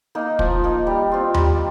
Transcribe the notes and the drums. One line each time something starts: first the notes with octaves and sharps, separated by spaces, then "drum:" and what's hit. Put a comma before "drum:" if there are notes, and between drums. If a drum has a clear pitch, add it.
A#3 D#4
F3, drum: kick
A#3 D#4
G3
C4 F4
G3, drum: tom D#2